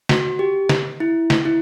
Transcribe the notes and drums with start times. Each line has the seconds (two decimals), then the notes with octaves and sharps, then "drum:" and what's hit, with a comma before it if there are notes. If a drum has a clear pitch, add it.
0.09 F#4, drum: snare
0.39 G4
0.69 drum: snare
1.00 E4
1.30 drum: snare
1.45 E4